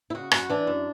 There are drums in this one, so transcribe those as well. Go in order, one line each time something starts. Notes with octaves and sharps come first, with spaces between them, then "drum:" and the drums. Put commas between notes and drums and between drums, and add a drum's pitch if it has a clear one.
E4
C#3 F#4
F#2 F#4, drum: rim click
E3 D4
F#2